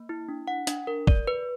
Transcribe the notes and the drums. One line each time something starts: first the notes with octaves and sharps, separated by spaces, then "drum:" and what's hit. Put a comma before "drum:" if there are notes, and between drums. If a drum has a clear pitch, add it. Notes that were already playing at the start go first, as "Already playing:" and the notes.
Already playing: A#3
E4
D4
F#5
D4, drum: hi-hat
A#4
D5, drum: kick G#1
B4